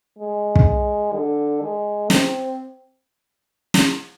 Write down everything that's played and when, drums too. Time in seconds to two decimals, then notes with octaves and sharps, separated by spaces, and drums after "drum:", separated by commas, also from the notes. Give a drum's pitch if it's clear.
0.19 G#3
0.56 drum: kick
1.14 D3
1.62 G#3
2.10 C4, drum: snare
3.74 drum: snare